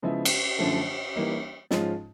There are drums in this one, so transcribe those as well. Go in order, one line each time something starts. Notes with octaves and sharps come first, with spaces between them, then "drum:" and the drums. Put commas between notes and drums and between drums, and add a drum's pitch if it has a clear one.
C#3 F3 G#3 B3 E4
drum: cymbal
F#2 D3 F3 A3
E3 G3 A#3 D#4
G#2 F3 G#3 C#4 F4, drum: snare